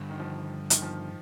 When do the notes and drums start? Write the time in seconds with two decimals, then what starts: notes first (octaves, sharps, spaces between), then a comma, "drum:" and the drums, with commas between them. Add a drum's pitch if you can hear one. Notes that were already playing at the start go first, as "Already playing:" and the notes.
Already playing: G2 D3 G3
0.09 D#3
0.19 F3
0.70 D#3, drum: hi-hat
0.82 F3